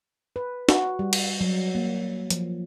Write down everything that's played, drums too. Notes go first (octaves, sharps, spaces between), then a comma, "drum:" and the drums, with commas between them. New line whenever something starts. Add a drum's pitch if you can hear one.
B4
F#4, drum: snare
G3
drum: cymbal
F#3
A#3
F3, drum: hi-hat